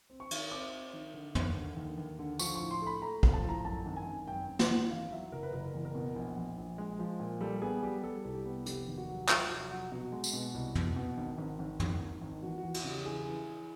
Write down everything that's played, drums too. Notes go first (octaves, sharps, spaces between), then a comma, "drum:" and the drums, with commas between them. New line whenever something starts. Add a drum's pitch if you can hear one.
C4
C#6
D#3, drum: cymbal
C4 D6
C4
D#3
D3
D#2, drum: tom
D3
D#2
D#2
D3
F3 C#6, drum: tambourine
A2 C#6
C6
A3 B5
A3 A#5
F3, drum: kick A#1
A5
A2 A#5
F#2 A5
G#1
G#5
G#1
F#2 G5
F#2
F#5, drum: snare
G#1
E2 F5
F#3 E5
F#1 A#4
B4
F#1 A#4
E2
A#4
B2
A#1
A#1
A#1
G#3
F3
A#2
G3 A4
B3 G#4
G3 G4
G3 A4
C2
G4
B3
F1 G4, drum: hi-hat
D#2
F#4
F#3
F#3 F4, drum: clap
F1 F#4
F#3 F#4
B2 F#4
G#3
drum: tambourine
B2
C2
B2, drum: tom
B2
G#1
G#1
G#1
G#1, drum: tom
G#2
G#1
E2 F#4
F#4
E2
F#4, drum: cymbal
C#3 G4
E3 G#4
E3
E3